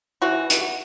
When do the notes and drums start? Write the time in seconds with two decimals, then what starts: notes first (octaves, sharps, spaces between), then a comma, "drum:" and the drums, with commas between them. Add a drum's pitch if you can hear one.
0.22 E3 F#4
0.50 drum: hi-hat